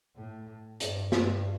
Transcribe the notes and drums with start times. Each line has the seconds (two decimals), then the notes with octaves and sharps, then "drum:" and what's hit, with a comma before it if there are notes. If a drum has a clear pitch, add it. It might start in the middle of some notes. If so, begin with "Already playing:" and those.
0.16 A2
0.80 G2, drum: hi-hat
1.12 G2, drum: snare